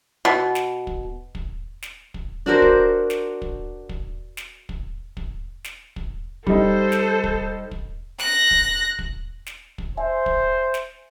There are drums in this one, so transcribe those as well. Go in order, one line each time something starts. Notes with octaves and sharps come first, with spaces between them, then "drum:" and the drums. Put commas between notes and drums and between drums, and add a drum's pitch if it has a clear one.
B2
drum: snare
drum: kick
drum: kick
drum: snare
drum: kick
D4 F#4 A#4 C5
drum: kick
drum: snare
drum: kick
drum: kick
drum: snare
drum: kick
drum: kick
drum: snare
drum: kick
G3 D#4 A4 C5, drum: kick
drum: snare
drum: kick
drum: kick
F#6 A#6, drum: snare
drum: kick
drum: kick
drum: snare
drum: kick
C5 E5 G#5
drum: kick
drum: snare